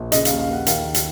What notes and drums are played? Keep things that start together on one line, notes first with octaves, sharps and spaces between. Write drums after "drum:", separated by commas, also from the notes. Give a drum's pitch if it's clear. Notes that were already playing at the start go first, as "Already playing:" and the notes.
Already playing: A#1
C#3 D#5, drum: hi-hat
F5, drum: hi-hat
D#2
F5
D#2 F#5
D#3 F5, drum: hi-hat
D#2
drum: hi-hat